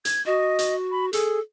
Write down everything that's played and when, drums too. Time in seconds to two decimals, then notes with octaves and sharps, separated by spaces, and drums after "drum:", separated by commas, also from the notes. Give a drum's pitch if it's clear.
0.05 G#6, drum: hi-hat
0.26 F#4 D#5
0.59 drum: hi-hat
0.91 B5
1.13 G#4 A4, drum: hi-hat